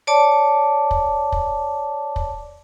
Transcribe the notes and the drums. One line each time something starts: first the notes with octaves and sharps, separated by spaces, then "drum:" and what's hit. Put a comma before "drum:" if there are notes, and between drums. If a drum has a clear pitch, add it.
C#5 D5 A5 D6
drum: kick
drum: kick
drum: kick